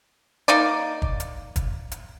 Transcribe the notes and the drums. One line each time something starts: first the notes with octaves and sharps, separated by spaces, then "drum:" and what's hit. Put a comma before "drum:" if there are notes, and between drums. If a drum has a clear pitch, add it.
A#3 D#4 D5
drum: kick
drum: hi-hat
drum: kick, hi-hat
drum: hi-hat